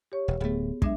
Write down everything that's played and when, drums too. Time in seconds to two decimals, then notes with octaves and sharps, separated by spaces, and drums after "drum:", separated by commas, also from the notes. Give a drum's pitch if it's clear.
0.12 G4 C#5 C#6
0.28 E1
0.41 D1 A3 B3 G#4
0.82 F#3 G#3 D4 E5, drum: kick